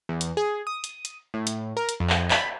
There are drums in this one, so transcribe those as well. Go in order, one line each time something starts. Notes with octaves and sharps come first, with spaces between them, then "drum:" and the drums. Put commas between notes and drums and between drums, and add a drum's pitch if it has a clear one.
E2
drum: hi-hat
G#4
D#6
drum: hi-hat
drum: hi-hat
A2
drum: hi-hat
A#4
drum: hi-hat
F2
drum: clap
B5, drum: clap